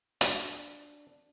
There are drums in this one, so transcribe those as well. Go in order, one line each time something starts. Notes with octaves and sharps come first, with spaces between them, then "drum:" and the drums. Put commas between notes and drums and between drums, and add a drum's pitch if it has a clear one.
D4, drum: hi-hat